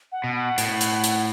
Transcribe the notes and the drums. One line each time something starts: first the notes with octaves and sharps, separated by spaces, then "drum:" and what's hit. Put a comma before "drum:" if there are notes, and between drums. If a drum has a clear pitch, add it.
F#5
B2
F#5
A2, drum: hi-hat
drum: hi-hat
drum: hi-hat